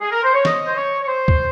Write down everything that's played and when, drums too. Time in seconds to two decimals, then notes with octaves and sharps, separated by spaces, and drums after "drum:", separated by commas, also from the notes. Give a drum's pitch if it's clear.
0.01 G#4
0.11 A#4
0.23 C5
0.34 C#5
0.45 D#5, drum: snare
0.66 C5
0.76 C#5
1.02 C#5
1.08 C5
1.28 drum: kick C#2